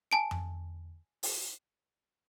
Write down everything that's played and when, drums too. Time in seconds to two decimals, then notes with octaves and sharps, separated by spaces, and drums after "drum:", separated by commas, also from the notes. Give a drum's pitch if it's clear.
0.11 G#5 A5 D7
0.31 drum: tom F2
1.23 drum: open hi-hat